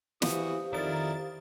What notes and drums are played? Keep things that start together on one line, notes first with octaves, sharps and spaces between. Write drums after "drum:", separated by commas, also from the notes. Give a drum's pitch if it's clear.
E3 F#4 G4 C5 F5 D#6, drum: snare
F2 D#3 E4 A#4 D5 A6